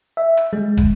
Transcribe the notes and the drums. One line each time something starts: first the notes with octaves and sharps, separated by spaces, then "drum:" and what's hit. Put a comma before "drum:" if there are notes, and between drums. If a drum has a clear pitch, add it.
E5
drum: hi-hat
G#3
drum: kick, hi-hat